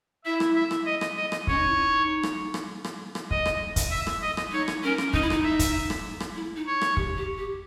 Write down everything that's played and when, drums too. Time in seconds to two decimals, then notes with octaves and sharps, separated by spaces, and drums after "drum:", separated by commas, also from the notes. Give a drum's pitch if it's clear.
0.25 E4 E5
0.40 drum: rim click
0.55 E5
0.71 drum: rim click
0.86 D#5
1.01 drum: rim click
1.16 D#5
1.32 drum: rim click
1.47 C#4 C#5, drum: kick
1.58 D#4
1.68 E4
1.88 D#4
2.23 drum: rim click
2.54 drum: rim click
2.84 drum: rim click
3.15 drum: rim click
3.31 D#5, drum: kick
3.46 drum: rim click
3.76 drum: kick, hi-hat
3.91 E5
4.07 drum: rim click
4.22 D#5
4.37 drum: rim click
4.52 D#4 C#5
4.68 drum: rim click
4.83 C#4 A#4
4.98 drum: rim click
5.13 D#4 D#5, drum: kick
5.22 E4
5.30 D#4, drum: rim click
5.44 E5
5.59 drum: kick, hi-hat
5.90 drum: rim click
6.20 drum: rim click
6.36 E4
6.56 D#4
6.66 C#5
6.81 drum: rim click
6.97 G4, drum: kick
7.17 G4
7.38 G4